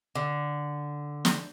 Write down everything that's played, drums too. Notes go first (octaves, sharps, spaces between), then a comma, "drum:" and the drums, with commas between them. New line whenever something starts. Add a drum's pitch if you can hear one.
D3
drum: snare